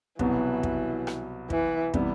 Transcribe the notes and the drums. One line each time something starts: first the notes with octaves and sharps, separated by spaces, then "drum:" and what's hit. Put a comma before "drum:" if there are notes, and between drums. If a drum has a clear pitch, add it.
C2 B2 E3 F#3 B3, drum: kick
drum: kick
drum: rim click
E3, drum: kick
C3 E3 G3 B3 E4, drum: kick